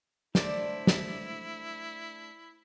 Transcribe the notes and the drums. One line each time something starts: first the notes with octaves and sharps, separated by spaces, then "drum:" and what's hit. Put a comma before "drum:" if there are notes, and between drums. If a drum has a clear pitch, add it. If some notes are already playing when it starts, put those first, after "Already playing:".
A3 D4 E4 C5 D5, drum: snare
drum: snare